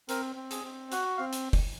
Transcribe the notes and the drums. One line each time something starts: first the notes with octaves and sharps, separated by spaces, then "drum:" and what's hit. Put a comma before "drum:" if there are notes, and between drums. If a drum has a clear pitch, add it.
C4 A#4, drum: hi-hat
C4
G#4, drum: hi-hat
C4
F#4 F#5, drum: hi-hat
C4 F5
drum: hi-hat
drum: kick, open hi-hat